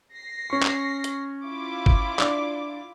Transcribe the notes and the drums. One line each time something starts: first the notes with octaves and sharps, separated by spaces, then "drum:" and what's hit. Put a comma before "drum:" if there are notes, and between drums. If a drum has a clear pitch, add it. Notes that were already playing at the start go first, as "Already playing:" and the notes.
A#6 C7
C#4 C#6
drum: clap
drum: hi-hat
E4 F4 D6
drum: kick G#1
D4, drum: clap